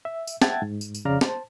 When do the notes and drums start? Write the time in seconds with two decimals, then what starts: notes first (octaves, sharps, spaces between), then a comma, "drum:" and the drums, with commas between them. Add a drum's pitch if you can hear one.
0.05 E5
0.27 drum: tambourine
0.42 E5 F#5 G5 A5 G#6 A6, drum: snare
0.62 G#2
0.81 drum: tambourine
0.94 drum: tambourine
1.05 F2 C#3 D5 F5 A#5 F6
1.21 C5 A5, drum: snare